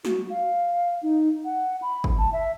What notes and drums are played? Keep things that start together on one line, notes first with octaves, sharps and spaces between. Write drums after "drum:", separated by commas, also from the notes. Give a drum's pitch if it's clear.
F#4, drum: snare
F5
D#4
F#5
B5
drum: kick
A5
E5